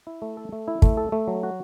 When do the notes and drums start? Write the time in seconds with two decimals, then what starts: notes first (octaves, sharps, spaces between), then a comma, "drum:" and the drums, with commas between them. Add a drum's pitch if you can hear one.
0.07 E4
0.22 A3
0.37 A4
0.53 A3
0.68 E4
0.82 A3, drum: kick
0.97 A4
1.12 A3
1.28 F#3
1.43 F#4